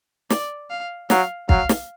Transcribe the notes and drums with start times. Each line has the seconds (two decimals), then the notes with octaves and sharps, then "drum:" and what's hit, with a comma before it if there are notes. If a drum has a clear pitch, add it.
0.30 D5, drum: snare
0.71 F5
1.10 F#3 F5, drum: snare
1.49 F#3 F5, drum: kick
1.69 drum: snare